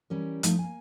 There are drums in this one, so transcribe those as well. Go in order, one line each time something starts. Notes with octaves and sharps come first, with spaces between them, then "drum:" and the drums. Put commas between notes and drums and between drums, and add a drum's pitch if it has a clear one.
E3 G3 C#4 A#4
F3 A3 D#4, drum: hi-hat
A#3 G#5